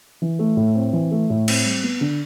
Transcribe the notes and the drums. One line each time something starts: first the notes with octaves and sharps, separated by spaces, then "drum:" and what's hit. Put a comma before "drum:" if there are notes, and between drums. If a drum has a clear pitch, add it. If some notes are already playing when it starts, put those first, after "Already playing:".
E3
A3
A2
C4
E3
A3
A2
C4, drum: cymbal
G3
B3
D3